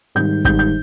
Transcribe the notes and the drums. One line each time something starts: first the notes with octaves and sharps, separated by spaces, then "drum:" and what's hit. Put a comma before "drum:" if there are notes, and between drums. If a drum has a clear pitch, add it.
G#2 D#3 G3 G6
G#2 D#3 G3 G6, drum: kick
G6